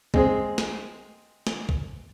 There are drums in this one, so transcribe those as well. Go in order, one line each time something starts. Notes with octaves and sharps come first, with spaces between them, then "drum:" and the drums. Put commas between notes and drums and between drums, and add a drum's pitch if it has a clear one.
G#3 C4 G#4, drum: kick B1
drum: snare
drum: snare
drum: kick B1